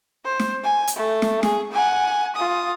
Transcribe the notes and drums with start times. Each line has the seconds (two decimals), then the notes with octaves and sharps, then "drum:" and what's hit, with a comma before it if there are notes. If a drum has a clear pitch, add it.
0.25 C5
0.40 drum: snare
0.64 G#5
0.87 drum: hi-hat
0.97 A3
1.22 drum: snare
1.43 G#4, drum: snare
1.72 F#5 G#5
2.36 F4 D#6